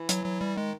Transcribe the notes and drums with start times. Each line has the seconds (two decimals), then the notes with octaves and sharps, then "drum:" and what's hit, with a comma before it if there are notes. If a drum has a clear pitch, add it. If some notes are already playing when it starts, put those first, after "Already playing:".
Already playing: E3
0.09 F#3, drum: hi-hat
0.25 F#3
0.41 G3
0.57 D#3 G#3